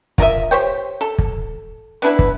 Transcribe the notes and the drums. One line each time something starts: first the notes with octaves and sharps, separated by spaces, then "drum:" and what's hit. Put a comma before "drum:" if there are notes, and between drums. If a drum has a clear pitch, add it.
F4 A#4 D#5 E5, drum: kick
G4 C5 C#5 G5
A4
drum: kick
B3 D4 E4 B4
drum: kick